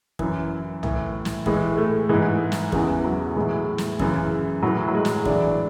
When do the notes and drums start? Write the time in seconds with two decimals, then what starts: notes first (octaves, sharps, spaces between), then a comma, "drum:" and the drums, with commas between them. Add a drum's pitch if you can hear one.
0.19 F#2 E3, drum: kick
0.83 A2 E3, drum: tom
1.25 drum: snare
1.46 A2 E3 G#3, drum: kick
1.78 A3
2.09 G#2 E3 G#3
2.52 drum: snare
2.72 E2 C#3 E3 G#3, drum: kick
3.04 F#3
3.36 A2 E3 G#3
3.78 drum: snare
3.99 F#2 C#3 E3, drum: kick
4.62 A2 E3 F#3
4.88 F#3
4.95 G#3
5.05 drum: snare
5.25 A2 E3 D4, drum: kick